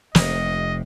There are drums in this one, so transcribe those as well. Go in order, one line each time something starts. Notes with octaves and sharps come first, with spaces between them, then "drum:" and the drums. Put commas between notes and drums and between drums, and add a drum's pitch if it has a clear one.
F1 C3 D#5, drum: snare